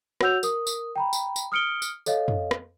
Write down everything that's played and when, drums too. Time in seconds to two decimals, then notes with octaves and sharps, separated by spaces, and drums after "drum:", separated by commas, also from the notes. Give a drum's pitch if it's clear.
0.21 F#4 C#5 F#5 E6 G6 F7, drum: rim click
0.43 A#4 D#6, drum: tambourine
0.67 drum: tambourine
0.96 G5 A#5 B5
1.13 drum: tambourine
1.36 drum: tambourine
1.52 D#6 F6 C#7 D7 G7
1.82 drum: tambourine
2.06 A4 C#5 D#5 F5, drum: tambourine
2.28 drum: tom
2.51 drum: rim click